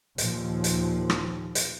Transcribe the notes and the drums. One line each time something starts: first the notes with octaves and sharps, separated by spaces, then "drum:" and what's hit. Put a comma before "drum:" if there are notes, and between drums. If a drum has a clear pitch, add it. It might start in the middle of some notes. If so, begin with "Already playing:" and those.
D#2 A#2 F3, drum: hi-hat
drum: hi-hat
drum: rim click
drum: hi-hat